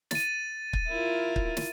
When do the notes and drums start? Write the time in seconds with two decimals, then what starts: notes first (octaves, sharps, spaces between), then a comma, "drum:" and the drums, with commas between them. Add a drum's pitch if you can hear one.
0.11 A6 D#7, drum: snare
0.73 drum: kick
0.88 E4 F4 A#4
1.36 drum: kick
1.57 drum: snare